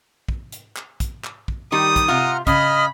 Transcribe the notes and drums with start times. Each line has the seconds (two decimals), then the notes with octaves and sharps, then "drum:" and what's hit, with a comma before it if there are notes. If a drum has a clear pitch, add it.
0.29 drum: kick
0.52 drum: hi-hat
0.76 drum: clap
1.00 drum: kick, hi-hat
1.24 drum: clap
1.48 drum: kick
1.72 D#3 G3 D#6
1.96 drum: kick, hi-hat
2.08 C3 F4 F#5 A#5 F6
2.47 C#3 D#5 B5 D#6 F6, drum: kick, hi-hat